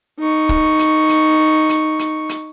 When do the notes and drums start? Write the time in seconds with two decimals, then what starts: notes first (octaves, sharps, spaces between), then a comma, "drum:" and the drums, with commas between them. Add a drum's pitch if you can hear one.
0.19 D#4 C#6
0.49 drum: kick
0.79 drum: hi-hat
1.09 drum: hi-hat
1.69 drum: hi-hat
1.99 drum: hi-hat
2.29 drum: hi-hat